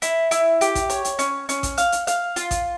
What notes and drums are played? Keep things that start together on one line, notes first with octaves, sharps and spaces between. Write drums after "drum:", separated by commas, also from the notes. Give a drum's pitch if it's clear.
E4, drum: hi-hat
E4, drum: hi-hat
G4, drum: hi-hat
drum: kick A1, hi-hat
C#5, drum: hi-hat
drum: hi-hat
C#4, drum: hi-hat
C#4, drum: hi-hat
drum: kick A1, hi-hat
F5, drum: hi-hat
drum: hi-hat
F5, drum: hi-hat
F4, drum: hi-hat
drum: kick A1, hi-hat